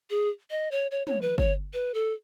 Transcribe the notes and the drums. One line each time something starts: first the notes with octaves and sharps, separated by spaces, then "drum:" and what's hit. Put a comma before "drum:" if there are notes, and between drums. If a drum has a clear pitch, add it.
G#4
D#5
C#5
C#5
C#5, drum: tom
B4
C#5, drum: kick G1
B4
A4